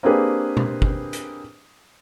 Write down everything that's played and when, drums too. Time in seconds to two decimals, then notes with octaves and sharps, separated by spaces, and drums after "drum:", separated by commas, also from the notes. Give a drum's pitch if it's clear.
0.03 A#3 C4 D4 G4 G#4 B4
0.57 drum: tom B2
0.82 drum: kick
1.13 drum: hi-hat